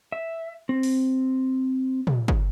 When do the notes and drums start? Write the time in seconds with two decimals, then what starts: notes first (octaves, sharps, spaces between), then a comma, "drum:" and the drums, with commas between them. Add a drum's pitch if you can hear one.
0.12 E5
0.69 C4
0.83 drum: open hi-hat
2.07 drum: tom
2.28 drum: kick G1